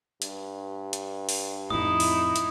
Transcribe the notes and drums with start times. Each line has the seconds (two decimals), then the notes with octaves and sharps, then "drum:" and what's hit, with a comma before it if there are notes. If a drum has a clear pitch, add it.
0.22 G2, drum: hi-hat
0.93 drum: hi-hat
1.29 drum: open hi-hat
1.70 F2 A2 D#4 E4 D#6
2.00 drum: open hi-hat
2.36 drum: hi-hat